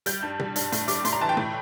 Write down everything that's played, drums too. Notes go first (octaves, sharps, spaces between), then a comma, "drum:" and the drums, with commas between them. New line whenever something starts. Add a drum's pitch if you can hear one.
G3 G6, drum: hi-hat
G2
G3, drum: tom B2
G2, drum: hi-hat
A2, drum: hi-hat
G3 D6, drum: hi-hat
A2 C6, drum: hi-hat
A#5
E3 A5
G5
A2, drum: tom B2